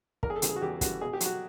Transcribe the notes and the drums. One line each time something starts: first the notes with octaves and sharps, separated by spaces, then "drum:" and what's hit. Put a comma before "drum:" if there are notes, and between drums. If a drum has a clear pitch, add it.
E2 A#4, drum: kick
G#4
A4
C#3 E3 G3, drum: hi-hat
G#4
F#4
E2 G4
C#3 E3 G3 F#4, drum: kick, hi-hat
B2 G#4
G4
F#3, drum: hi-hat
F#4